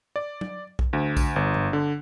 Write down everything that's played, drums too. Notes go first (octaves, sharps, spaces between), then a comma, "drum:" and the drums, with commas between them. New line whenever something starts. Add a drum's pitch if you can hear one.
D5
drum: tom F#3
drum: kick B1
D2
drum: kick B1, tambourine
G1
drum: tom G2
D3